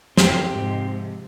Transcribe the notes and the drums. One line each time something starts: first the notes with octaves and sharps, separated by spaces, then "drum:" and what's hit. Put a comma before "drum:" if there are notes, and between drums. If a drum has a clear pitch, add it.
F2 C4 G4, drum: snare
G#2 C3 F3